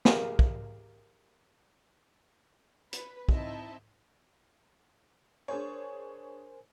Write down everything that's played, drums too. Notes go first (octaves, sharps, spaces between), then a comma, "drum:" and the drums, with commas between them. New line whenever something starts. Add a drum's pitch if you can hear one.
G4 G#4 A#4 F5, drum: snare
drum: kick
B4, drum: hi-hat
C4 D#4 E4 D#5 E5 A5, drum: kick
D4 G#4 A#4 C5 C#5 G#5